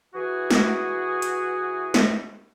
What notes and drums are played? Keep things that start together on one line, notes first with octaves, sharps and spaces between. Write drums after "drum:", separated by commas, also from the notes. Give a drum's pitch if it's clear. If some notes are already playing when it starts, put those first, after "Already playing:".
E3 F#4 G#4
drum: snare
drum: hi-hat
drum: snare